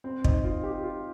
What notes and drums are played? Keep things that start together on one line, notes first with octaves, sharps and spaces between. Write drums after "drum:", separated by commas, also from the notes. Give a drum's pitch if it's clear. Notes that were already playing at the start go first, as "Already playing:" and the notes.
C4
D#4, drum: kick
F4
G4
F4